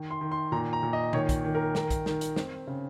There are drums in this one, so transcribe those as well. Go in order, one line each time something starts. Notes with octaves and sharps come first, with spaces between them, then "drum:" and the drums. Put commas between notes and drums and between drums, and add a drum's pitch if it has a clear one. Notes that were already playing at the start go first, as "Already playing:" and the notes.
Already playing: D#3
C6
D#3
C6
A#2 A#5
A#5
A#2
D#5
D#3 C#5, drum: tom B2
drum: kick, hi-hat
D#3
A#4
D#3 A#4, drum: snare
drum: kick, hi-hat
D#3, drum: snare
drum: hi-hat
C4, drum: snare
C#3